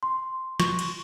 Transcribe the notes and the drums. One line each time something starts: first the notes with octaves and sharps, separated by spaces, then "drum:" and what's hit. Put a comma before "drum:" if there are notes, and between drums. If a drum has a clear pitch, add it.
C6
C#6, drum: snare
drum: cymbal